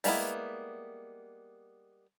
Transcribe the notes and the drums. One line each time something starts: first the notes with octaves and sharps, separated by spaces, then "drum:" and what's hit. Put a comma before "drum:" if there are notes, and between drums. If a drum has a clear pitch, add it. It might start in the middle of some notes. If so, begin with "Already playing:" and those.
G3 G#3 A#3 B3 E4, drum: open hi-hat